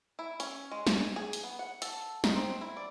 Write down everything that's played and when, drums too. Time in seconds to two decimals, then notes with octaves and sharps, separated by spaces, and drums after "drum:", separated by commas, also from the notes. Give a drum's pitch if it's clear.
0.19 E4
0.40 C#4, drum: hi-hat
0.71 G#3
0.87 drum: snare
0.96 G#5
1.16 G#4
1.33 drum: hi-hat
1.44 B3
1.59 F#5
1.82 A4, drum: hi-hat
2.24 D#4, drum: snare
2.36 C4
2.61 E4
2.77 D5